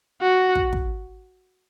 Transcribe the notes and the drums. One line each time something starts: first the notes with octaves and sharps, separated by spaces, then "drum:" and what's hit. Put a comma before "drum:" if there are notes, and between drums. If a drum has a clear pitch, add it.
F#4
drum: kick
drum: kick